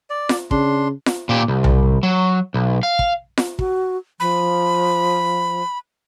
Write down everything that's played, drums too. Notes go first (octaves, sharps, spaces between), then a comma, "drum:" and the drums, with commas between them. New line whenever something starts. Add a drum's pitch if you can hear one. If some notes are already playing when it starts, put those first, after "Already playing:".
D5
drum: snare F4
C#3 D4 C6, drum: kick
drum: snare F4
A#2 G4
C2
drum: tom B1
F#3
B1
F5
drum: kick
drum: snare F4
F#4, drum: kick
F3 B5